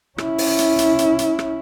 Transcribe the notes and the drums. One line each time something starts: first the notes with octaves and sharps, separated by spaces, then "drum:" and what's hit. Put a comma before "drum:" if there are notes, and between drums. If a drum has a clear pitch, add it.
C#4 E4, drum: rim click
drum: open hi-hat
drum: hi-hat
drum: hi-hat
drum: hi-hat
drum: hi-hat
drum: rim click